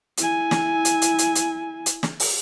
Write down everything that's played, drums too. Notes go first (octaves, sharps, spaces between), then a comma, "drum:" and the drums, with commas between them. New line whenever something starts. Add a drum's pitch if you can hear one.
E4 G#5, drum: hi-hat
drum: snare
drum: hi-hat
drum: hi-hat
drum: hi-hat
drum: hi-hat
drum: hi-hat
drum: snare
drum: open hi-hat